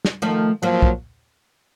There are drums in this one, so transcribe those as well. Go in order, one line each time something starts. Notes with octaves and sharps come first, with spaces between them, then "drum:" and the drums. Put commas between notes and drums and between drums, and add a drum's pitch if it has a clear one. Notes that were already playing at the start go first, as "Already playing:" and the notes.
drum: snare
D#3 F3 A3
F3 F#3 A#3
drum: kick